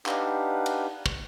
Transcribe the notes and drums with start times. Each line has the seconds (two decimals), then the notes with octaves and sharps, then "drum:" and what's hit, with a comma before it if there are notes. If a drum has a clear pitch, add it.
0.06 D4 D#4 G4 B4 F5 F#5, drum: clap
0.66 drum: cymbal
1.06 drum: kick